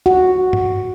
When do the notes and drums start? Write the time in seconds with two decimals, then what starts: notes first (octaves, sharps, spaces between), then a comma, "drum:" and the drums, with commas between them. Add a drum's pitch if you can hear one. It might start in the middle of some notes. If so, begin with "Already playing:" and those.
0.06 F#4
0.53 drum: tom G2